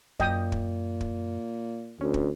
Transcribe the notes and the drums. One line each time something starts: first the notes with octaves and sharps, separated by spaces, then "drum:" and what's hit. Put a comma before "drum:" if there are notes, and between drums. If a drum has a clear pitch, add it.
F#2 A#2 D#5 G5 D#6, drum: kick
drum: kick
drum: kick
D2 C#4
drum: kick